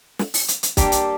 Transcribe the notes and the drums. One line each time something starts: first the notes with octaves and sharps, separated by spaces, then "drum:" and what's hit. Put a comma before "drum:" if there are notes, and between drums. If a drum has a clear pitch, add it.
drum: snare
drum: open hi-hat
drum: hi-hat
drum: hi-hat
G3 A#3 D4 G4, drum: kick, hi-hat
drum: hi-hat